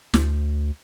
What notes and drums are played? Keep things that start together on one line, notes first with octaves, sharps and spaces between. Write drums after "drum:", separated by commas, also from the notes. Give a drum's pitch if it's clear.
D2, drum: snare